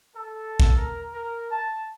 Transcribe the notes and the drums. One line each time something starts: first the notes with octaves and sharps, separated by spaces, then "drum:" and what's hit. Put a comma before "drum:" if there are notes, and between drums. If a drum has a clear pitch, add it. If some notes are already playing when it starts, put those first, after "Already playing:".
A4
drum: kick
A#4
A#4
A5